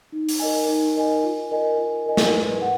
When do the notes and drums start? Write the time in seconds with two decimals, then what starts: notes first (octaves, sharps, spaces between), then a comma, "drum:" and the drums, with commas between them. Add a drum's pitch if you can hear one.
0.12 D#4
0.29 drum: open hi-hat
0.39 A#4 D#5 G#5
0.68 D#4
0.96 A#4 D#5 G#5
1.24 F4
1.51 A#4 D#5 G#5
1.78 F4
2.06 A#4 D#5 G#5
2.17 drum: snare
2.34 B4
2.62 F#5